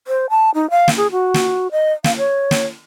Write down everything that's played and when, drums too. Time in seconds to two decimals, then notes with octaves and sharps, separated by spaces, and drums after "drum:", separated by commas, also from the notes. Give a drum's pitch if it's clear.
0.07 C5
0.30 A5
0.54 D#4
0.70 F5
0.88 drum: snare
0.97 G#4
1.12 F#4
1.34 drum: snare
1.71 D#5
2.04 F5, drum: snare
2.17 C#5
2.51 drum: snare